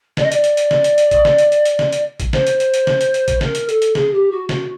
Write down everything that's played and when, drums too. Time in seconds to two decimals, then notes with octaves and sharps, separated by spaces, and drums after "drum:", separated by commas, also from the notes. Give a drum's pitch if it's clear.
0.17 D5, drum: snare
0.23 D#5
0.32 D5, drum: hi-hat
0.44 drum: hi-hat
0.57 drum: hi-hat
0.71 drum: snare
0.84 drum: hi-hat
0.98 drum: hi-hat
1.11 drum: kick A1, hi-hat
1.25 drum: snare
1.38 drum: hi-hat
1.52 drum: hi-hat
1.65 drum: hi-hat
1.79 drum: snare
1.93 drum: hi-hat
2.20 drum: kick A1, hi-hat
2.33 C5, drum: snare
2.47 drum: hi-hat
2.60 drum: hi-hat
2.74 drum: hi-hat
2.87 drum: snare
3.01 drum: hi-hat
3.14 drum: hi-hat
3.28 drum: kick A1, hi-hat
3.41 A#4, drum: snare
3.55 drum: hi-hat
3.69 A4, drum: hi-hat
3.82 drum: hi-hat
3.95 G#4, drum: snare
4.13 G4
4.31 F#4
4.49 F#4, drum: snare